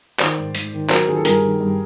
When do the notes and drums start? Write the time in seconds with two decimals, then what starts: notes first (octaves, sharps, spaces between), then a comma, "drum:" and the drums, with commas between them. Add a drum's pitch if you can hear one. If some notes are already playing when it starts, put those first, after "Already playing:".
0.20 D#3 C5 D5, drum: clap
0.38 G#2
0.55 G#2, drum: hi-hat
0.73 D#3
0.90 F#3 A#4 C5, drum: clap
1.08 D#3 G#4
1.16 A4
1.25 G2 G#4 A#4, drum: hi-hat
1.43 D#3
1.60 G2